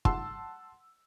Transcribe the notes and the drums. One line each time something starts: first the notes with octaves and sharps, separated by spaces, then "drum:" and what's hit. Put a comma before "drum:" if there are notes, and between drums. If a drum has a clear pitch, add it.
F#5 A5 C6 E6, drum: kick